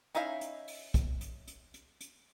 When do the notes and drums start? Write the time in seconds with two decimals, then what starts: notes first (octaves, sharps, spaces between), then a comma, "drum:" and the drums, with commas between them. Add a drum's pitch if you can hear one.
0.15 C#4 D#4 E4 E5 F5, drum: hi-hat
0.41 drum: hi-hat
0.68 drum: open hi-hat
0.94 drum: kick, hi-hat
1.21 drum: hi-hat
1.47 drum: hi-hat
1.74 drum: hi-hat
2.01 drum: hi-hat